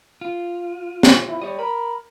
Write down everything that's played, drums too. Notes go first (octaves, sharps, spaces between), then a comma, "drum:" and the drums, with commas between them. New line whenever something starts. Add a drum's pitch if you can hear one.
F4
drum: snare
E4
G3 C#5 D#5
A#4 B5